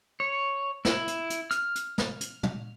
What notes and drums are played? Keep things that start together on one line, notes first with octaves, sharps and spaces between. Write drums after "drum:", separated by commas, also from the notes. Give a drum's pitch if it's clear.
C#5
E4, drum: snare
drum: hi-hat
drum: hi-hat
F6, drum: hi-hat
drum: hi-hat
drum: snare
drum: hi-hat
drum: tom